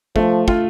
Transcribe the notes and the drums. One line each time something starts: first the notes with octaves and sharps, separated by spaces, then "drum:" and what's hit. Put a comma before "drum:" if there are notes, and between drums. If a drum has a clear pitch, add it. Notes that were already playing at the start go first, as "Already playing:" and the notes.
F3 A3, drum: kick
F4, drum: kick